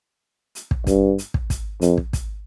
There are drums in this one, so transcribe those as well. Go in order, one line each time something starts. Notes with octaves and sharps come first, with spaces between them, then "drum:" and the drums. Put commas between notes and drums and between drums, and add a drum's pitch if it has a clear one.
drum: hi-hat
drum: kick
G2, drum: kick, hi-hat
drum: hi-hat
drum: kick
drum: kick, hi-hat
F2, drum: hi-hat
drum: kick
drum: kick, hi-hat